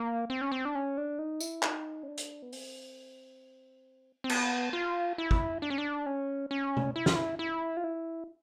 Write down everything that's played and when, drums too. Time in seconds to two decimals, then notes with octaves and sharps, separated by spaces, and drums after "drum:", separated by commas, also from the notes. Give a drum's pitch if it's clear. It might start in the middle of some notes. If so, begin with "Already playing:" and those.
Already playing: A#3
0.30 C4
0.41 C#4
0.52 C4
0.65 D4
0.75 C#4
0.97 D4
1.19 D#4
1.40 E4, drum: tambourine
1.63 D#4, drum: clap
2.03 C#4
2.08 D4
2.18 drum: hi-hat
2.42 B3
2.53 C4, drum: open hi-hat
4.24 C4
4.29 B3, drum: cymbal
4.73 F4
5.18 E4
5.31 drum: kick
5.62 D4
5.70 C#4
5.78 D4
6.06 C#4
6.51 C#4
6.77 drum: tom C3
6.96 E4
7.06 F4, drum: snare
7.16 E4
7.39 E4
7.77 F4
7.84 E4